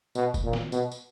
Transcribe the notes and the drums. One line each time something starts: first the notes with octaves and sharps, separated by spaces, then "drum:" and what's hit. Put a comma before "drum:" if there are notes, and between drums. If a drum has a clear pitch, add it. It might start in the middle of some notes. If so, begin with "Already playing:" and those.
B2, drum: tambourine
drum: kick, tambourine
A#2
drum: snare
B2, drum: tambourine
drum: tambourine